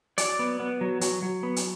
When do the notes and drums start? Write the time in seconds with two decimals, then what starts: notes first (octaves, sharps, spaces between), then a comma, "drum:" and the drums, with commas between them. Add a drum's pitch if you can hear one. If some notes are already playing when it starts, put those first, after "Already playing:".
0.18 F#3 D5, drum: hi-hat
0.39 B3
0.60 B3
0.81 F#3
1.01 F#3, drum: hi-hat
1.23 F#3
1.43 B3
1.56 drum: hi-hat